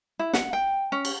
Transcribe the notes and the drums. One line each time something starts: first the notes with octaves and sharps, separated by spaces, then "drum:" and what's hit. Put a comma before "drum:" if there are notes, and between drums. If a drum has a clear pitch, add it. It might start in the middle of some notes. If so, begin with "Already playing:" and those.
E4
F#5, drum: snare
G5
C#4
drum: cymbal